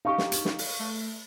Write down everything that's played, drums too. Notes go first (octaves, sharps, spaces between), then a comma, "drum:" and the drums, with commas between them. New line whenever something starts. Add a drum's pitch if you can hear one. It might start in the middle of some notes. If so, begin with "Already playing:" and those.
D#4 G4 F5 C#6
drum: snare
drum: hi-hat
drum: snare
drum: open hi-hat
A3